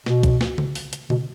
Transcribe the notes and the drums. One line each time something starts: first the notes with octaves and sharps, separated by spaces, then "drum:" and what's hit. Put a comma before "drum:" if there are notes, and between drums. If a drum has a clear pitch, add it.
B2, drum: snare
drum: kick, hi-hat
drum: snare
drum: tom C#3
drum: open hi-hat
drum: hi-hat
B2, drum: tom C#3